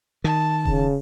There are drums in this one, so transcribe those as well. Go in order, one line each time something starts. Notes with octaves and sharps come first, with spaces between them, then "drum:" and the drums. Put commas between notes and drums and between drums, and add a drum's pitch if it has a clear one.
D#3 A5
C#3, drum: kick D#1